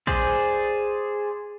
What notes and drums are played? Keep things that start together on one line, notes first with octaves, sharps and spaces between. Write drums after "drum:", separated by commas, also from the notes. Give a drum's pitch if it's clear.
G#4 C5 D5, drum: kick A#1